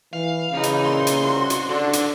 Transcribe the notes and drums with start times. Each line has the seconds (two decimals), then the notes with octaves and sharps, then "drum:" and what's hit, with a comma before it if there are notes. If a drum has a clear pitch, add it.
0.13 E3 F5
0.52 C#3 E3 D#4
0.63 drum: hi-hat
0.85 A#2 C6
1.07 drum: hi-hat
1.21 C2 F#4
1.50 drum: hi-hat
1.69 D3 D4
1.93 drum: hi-hat